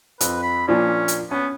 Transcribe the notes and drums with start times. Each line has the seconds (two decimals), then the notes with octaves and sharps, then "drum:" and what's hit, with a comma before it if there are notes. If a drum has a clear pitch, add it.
0.21 F2 B4, drum: hi-hat
0.43 B5
0.68 A#2 F3 C#4 D4
1.08 drum: hi-hat
1.31 B3 C#4